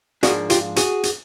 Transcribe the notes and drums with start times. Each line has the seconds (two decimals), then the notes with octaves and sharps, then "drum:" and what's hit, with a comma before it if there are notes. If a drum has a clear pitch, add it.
0.23 G#2 F3 A#3 D4 F#4 G#4, drum: hi-hat
0.50 F4 G4, drum: hi-hat
0.76 F#4 G#4, drum: hi-hat
1.03 drum: hi-hat